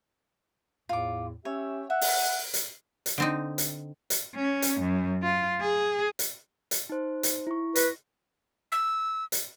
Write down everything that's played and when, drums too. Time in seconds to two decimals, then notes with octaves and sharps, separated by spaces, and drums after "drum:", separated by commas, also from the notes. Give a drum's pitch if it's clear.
0.89 E2 A2 F4 D6
1.45 C#4 G4 C#5 E5
1.90 E5 F#5
2.01 drum: open hi-hat
2.54 drum: hi-hat
3.06 drum: hi-hat
3.18 D3 C4 D#4
3.58 drum: hi-hat
4.10 drum: hi-hat
4.35 C#4
4.62 drum: hi-hat
4.80 F#2
5.23 F4
5.61 G#4
6.19 drum: hi-hat
6.71 drum: hi-hat
6.90 D#4 C5
7.23 drum: hi-hat
7.47 E4 C#6
7.76 B4 A#6, drum: hi-hat
8.72 E6
9.32 drum: hi-hat